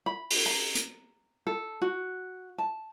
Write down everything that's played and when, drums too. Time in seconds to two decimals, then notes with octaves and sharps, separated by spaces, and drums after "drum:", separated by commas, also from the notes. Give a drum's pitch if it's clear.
0.06 B5
0.31 drum: open hi-hat
0.46 A#5
0.75 drum: hi-hat
1.47 A4
1.82 F#4
2.58 A5